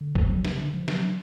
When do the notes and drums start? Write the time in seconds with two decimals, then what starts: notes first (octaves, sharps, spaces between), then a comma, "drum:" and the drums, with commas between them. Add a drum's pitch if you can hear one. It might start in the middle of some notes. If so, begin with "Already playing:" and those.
0.01 D3
0.15 F3, drum: kick
0.29 F#3
0.45 C#3, drum: snare
0.58 D3
0.74 F3
0.88 F#3, drum: snare